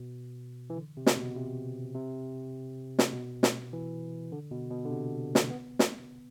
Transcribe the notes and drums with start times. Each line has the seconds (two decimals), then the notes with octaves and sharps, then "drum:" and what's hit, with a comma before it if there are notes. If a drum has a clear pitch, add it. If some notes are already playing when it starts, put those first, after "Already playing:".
Already playing: B2
0.70 E3
0.77 D3
0.97 C3
1.06 drum: snare
1.17 B2
1.36 C3
1.95 C3
2.99 drum: snare
3.13 B2
3.43 drum: snare
3.73 E3
4.32 D3
4.51 B2
4.71 B2
4.85 D3
4.90 C3
5.35 drum: snare
5.50 B3
5.79 drum: snare